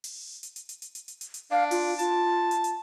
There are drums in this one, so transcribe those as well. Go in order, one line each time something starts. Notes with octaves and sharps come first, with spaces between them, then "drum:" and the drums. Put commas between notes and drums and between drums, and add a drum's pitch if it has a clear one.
drum: open hi-hat
drum: hi-hat
drum: hi-hat
drum: hi-hat
drum: hi-hat
drum: hi-hat
drum: hi-hat
drum: hi-hat
drum: hi-hat
D4 F5
F4, drum: open hi-hat
F4 A5, drum: hi-hat
drum: hi-hat
drum: hi-hat